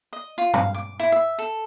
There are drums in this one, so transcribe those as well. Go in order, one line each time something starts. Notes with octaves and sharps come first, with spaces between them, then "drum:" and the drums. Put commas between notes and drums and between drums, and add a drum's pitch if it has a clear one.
D#5
F4
F5, drum: tom G2
D6
E4
E5
A4